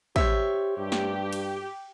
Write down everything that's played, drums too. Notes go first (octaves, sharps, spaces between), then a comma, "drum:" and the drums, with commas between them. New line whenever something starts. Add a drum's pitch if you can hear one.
G4 C5 C#5 E5, drum: kick
G2 G4
drum: snare
drum: cymbal